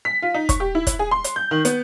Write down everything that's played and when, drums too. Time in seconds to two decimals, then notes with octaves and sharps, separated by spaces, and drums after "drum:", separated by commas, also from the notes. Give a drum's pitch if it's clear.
0.05 B6
0.22 F4
0.34 D#4
0.49 C#6, drum: kick, hi-hat
0.60 G4
0.75 E4
0.87 drum: kick, hi-hat
0.99 G#4
1.11 C6
1.24 drum: hi-hat
1.36 G6
1.51 D#3
1.65 B3, drum: hi-hat